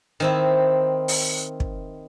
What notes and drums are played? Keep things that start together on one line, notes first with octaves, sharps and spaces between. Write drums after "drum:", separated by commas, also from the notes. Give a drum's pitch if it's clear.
D#3 C4 E4
drum: open hi-hat
drum: kick